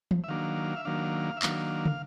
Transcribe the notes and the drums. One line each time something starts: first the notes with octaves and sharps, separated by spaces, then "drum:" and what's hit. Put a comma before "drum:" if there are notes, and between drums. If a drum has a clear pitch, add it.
drum: tom E3
E5
D#3 F#3 A#3 D4 F5
E5
D#3 F#3 A#3 D4 F5
E5
D#3 F#3 A#3 D4 F5, drum: clap
drum: tom